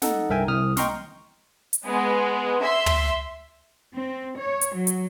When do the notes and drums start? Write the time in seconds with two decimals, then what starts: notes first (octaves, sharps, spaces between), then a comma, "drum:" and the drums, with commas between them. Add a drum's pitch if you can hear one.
0.02 D#4 A4 F#5, drum: snare
0.29 C2 G2 A#4 E5 G5 G#5
0.48 C2 D#6 F6
0.77 D#5 G5 A#5 C6 C#6 F6, drum: snare
1.73 drum: hi-hat
1.86 G#3 B3
2.61 E5 C6
2.86 drum: tom
3.95 C4
4.39 C#5
4.61 drum: hi-hat
4.75 F#3
4.87 drum: hi-hat